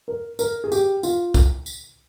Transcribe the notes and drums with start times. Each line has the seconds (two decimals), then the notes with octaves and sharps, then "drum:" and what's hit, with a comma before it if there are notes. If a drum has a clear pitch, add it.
0.08 A#4
0.39 A#4, drum: tambourine
0.64 G#4
0.72 G4, drum: tambourine
1.03 F4, drum: tambourine
1.34 drum: kick, tambourine
1.66 drum: tambourine